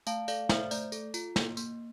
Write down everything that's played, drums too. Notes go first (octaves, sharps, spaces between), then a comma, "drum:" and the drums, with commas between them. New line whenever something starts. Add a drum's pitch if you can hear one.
A3 F5 A5, drum: tambourine
A4 D5 F5, drum: tambourine
A3 C5 E5, drum: snare
A3 D5, drum: tambourine
A4, drum: tambourine
F4, drum: tambourine
A#3, drum: snare
A#3, drum: tambourine